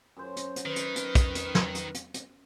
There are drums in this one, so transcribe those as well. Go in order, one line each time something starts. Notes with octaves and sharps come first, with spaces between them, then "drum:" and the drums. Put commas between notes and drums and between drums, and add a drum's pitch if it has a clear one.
F#2 C5
drum: hi-hat
drum: hi-hat
D#3 B4
drum: hi-hat
drum: hi-hat
drum: kick, hi-hat
drum: hi-hat
drum: snare
drum: hi-hat
drum: hi-hat
drum: hi-hat